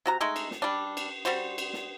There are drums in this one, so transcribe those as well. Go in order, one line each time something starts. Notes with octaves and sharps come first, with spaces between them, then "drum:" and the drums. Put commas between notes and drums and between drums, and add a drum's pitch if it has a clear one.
C3 F#4 A#5
G#3 A3 D#4
drum: cymbal
drum: snare
G3 D4
drum: cymbal
G3 F#4 C5, drum: cymbal
drum: cymbal
drum: snare